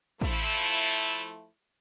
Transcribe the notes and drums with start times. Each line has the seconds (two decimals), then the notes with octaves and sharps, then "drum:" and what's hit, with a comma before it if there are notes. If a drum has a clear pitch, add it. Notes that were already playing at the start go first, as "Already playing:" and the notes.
0.21 F3 A3 E4, drum: kick